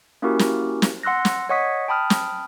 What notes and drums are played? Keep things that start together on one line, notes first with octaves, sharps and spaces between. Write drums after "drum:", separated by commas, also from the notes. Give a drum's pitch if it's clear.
A#3 C#4 E4 F#4 G4 A#4
drum: snare
drum: snare
F#5 C6 E6 F#6 A#6
drum: snare
C#5 D#5 F#5 C#6 D#6 B6
G5 A5 B5 D#6 F6
drum: snare